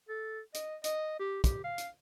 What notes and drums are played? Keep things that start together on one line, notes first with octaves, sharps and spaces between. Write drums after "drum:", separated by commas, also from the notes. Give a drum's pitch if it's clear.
A4
D#5, drum: hi-hat
D#5, drum: hi-hat
G4
G4, drum: kick, hi-hat
F5
drum: hi-hat